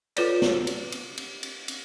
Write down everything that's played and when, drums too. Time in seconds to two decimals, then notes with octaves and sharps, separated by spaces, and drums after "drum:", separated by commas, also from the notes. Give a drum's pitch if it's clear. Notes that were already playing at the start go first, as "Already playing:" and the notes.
0.17 F4 A4 B4 C#5 D5, drum: cymbal
0.42 drum: snare
0.67 drum: cymbal
0.92 drum: cymbal
1.18 drum: cymbal
1.43 drum: cymbal
1.68 drum: cymbal